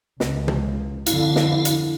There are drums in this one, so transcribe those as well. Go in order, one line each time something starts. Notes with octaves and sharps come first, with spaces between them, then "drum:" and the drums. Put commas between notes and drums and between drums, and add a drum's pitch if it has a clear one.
C#2, drum: snare
drum: tom
F2 D3 E4 F5, drum: hi-hat
drum: snare
drum: hi-hat